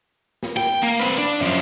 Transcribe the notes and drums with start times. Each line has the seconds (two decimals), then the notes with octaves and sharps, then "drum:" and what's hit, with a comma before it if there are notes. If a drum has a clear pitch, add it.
0.43 drum: snare
0.57 G5, drum: snare
0.83 A#3
1.00 C4 B4
1.18 D4
1.40 F#2 F3